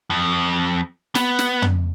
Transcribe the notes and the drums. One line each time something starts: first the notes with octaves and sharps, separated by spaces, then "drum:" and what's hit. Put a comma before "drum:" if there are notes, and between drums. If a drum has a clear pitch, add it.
F2
B3, drum: snare
drum: snare
drum: tom